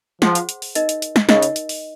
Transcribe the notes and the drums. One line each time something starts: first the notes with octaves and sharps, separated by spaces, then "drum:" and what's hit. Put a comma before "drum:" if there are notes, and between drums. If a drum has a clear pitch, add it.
F3 G#4 C5 F#5 C6, drum: snare
drum: hi-hat
drum: hi-hat
drum: open hi-hat
D#4 A#4 D#5, drum: hi-hat
drum: hi-hat
drum: hi-hat
drum: snare
C#3 D#4 A#4 D#5, drum: snare
drum: hi-hat
drum: hi-hat
drum: open hi-hat